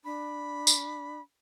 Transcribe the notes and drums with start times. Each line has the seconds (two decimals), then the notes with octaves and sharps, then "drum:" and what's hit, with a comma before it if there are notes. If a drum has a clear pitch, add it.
0.05 D4 B5
0.67 drum: tambourine